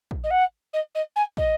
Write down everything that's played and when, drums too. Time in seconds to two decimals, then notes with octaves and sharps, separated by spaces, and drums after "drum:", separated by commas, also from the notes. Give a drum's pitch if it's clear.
0.11 drum: kick
0.23 D#5
0.30 F#5
0.73 D#5
0.95 D#5
1.16 G#5
1.37 D#5, drum: kick